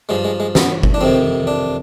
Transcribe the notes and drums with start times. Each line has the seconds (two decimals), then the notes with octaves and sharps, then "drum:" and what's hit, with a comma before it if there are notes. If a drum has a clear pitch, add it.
0.09 G2 F3 G#3
0.25 G#3
0.40 G#3
0.55 B3, drum: snare
0.83 drum: kick G1
0.94 D4
1.01 F2 C3 D#3 C4
1.47 D4